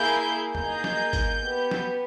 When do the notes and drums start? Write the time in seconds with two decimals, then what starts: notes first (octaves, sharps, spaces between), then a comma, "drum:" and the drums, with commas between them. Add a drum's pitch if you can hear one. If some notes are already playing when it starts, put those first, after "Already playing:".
Already playing: A#3 E4 G#4 G6
0.55 A#3 D#4 G#4 G6, drum: tom
0.84 drum: snare
1.13 drum: kick G#1, hi-hat
1.42 B3 G4
1.71 drum: snare